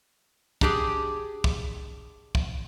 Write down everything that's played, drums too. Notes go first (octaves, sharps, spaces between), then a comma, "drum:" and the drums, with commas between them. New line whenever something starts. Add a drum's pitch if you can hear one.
D4 G4 G#4, drum: kick
drum: kick
drum: kick